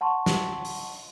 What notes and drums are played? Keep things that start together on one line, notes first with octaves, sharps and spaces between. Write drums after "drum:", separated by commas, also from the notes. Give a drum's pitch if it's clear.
F#5 A5 C6 C#6
drum: snare
drum: open hi-hat